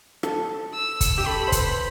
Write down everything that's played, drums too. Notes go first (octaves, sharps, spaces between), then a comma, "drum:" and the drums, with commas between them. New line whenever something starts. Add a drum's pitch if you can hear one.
A4, drum: rim click
E6
drum: kick, hi-hat
G4
A4 B5
C5
B4, drum: kick, hi-hat